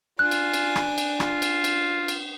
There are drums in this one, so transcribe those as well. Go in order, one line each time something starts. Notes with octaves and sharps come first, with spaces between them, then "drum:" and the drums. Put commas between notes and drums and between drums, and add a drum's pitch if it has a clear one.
D4 F4 G#5 F#6
drum: cymbal
drum: cymbal
drum: rim click
drum: cymbal
F4, drum: rim click
drum: cymbal
drum: cymbal
drum: cymbal